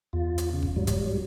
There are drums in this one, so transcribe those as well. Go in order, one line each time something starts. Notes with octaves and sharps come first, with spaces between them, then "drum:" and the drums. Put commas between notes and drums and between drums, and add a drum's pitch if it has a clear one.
E2 F4
drum: hi-hat
C#3
drum: kick F#1
G#2 F#3 G3
drum: kick F#1, hi-hat